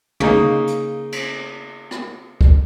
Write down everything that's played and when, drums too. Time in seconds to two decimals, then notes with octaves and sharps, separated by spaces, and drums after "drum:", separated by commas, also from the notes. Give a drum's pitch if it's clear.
0.20 C#3 A#3 D#4, drum: tom
0.67 drum: hi-hat
1.12 drum: cymbal
1.91 drum: rim click
2.41 drum: kick